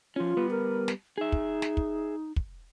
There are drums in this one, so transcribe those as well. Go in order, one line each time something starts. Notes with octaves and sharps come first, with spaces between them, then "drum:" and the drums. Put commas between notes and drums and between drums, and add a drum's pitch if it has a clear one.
F3 C#4 F4
G3 B3 B4
A#4
drum: snare
D#4 G#4 E5
drum: kick
drum: snare
drum: kick
drum: kick